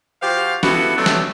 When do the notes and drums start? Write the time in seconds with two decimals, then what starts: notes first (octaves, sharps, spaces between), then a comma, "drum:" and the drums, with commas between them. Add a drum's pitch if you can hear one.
0.23 F3 F#4 G4 C5 F5
0.63 B3 E4 F#4 G4 A4, drum: snare
0.96 C3 F#3 A3 B3 D4
1.06 drum: snare